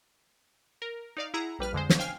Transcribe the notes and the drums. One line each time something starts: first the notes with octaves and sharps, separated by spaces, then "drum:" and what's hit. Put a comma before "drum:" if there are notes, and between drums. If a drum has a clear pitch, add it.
A#4
D#4 D5 F5
E4 G#4 F#5 A#5
A#1 G3 B4 F6
F2 D3 G#3 C5
drum: snare
C5 F5 G5 G#5 F6 C7